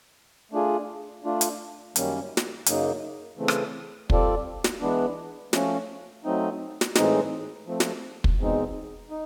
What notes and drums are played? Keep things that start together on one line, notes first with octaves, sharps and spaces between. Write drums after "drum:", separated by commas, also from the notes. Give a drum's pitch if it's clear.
A3 D4 F4 G#4
A3 D4 F4
drum: hi-hat
F#2 D#3 G3 A#3 C#4, drum: hi-hat
drum: snare
F#2 C#3 F#3 A#3 D#4, drum: hi-hat
C#3 E3 A3 C4
drum: rim click
G3 C4 F4 A4 D5, drum: kick
drum: snare
E3 G#3 B3 D4
F3 A3 C#4, drum: snare
F#3 A3 C4 D#4
drum: snare
A2 E3 G#3 C4 D#4, drum: snare
F3 A3 C4
drum: snare
drum: kick
E2 B2 G#3 C4 D#4
D#4